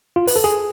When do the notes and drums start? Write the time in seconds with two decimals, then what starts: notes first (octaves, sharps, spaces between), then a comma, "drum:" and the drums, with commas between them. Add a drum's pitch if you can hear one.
0.16 F4
0.27 B4, drum: open hi-hat
0.36 A4
0.44 G#4